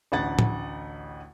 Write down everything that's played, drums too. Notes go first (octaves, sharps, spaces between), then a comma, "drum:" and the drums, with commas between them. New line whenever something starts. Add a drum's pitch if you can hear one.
A1 D2 F#5 A6
drum: tom A2